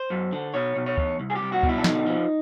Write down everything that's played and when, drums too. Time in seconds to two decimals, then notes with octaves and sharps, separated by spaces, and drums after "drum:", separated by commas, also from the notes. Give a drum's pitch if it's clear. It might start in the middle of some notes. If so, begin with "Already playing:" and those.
Already playing: C5
0.10 F#2
0.32 D3
0.54 B2 C#5
0.76 B2
0.86 C#5
0.97 E2, drum: kick
1.20 C2
1.30 G#4
1.35 G4
1.41 C2
1.52 F#4
1.63 B2, drum: kick
1.69 E4
1.77 D4
1.84 D3 D#4, drum: snare
2.06 F3